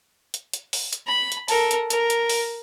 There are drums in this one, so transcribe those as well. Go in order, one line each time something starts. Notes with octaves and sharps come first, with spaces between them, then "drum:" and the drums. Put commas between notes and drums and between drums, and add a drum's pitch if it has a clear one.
drum: hi-hat
drum: hi-hat
drum: open hi-hat
drum: hi-hat
B5
drum: hi-hat
A4 A#4, drum: open hi-hat
drum: hi-hat
A#4, drum: hi-hat
drum: hi-hat
drum: open hi-hat